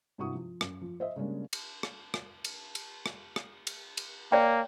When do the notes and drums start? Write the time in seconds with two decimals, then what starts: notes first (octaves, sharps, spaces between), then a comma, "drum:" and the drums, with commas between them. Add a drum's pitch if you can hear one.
0.18 G2 C3 E4 F#4 C#6 D#6
0.34 F3
0.61 F#2, drum: rim click
0.81 F3
1.00 C5 D#5 E5
1.16 C#3 G3 G#3 A#3 C#4 D4
1.53 drum: cymbal
1.83 drum: rim click
2.14 drum: rim click
2.44 drum: cymbal
2.75 drum: cymbal
3.06 drum: rim click
3.36 drum: rim click
3.67 drum: cymbal
3.97 drum: cymbal
4.32 A#3 C#5 D5 G5